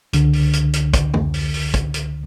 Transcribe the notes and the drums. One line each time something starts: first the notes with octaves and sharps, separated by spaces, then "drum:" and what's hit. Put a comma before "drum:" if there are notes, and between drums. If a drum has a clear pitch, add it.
C#2 D3, drum: hi-hat
drum: open hi-hat
drum: hi-hat
drum: hi-hat
drum: kick, hi-hat
drum: tom F2
drum: open hi-hat
drum: open hi-hat
drum: kick, hi-hat
drum: hi-hat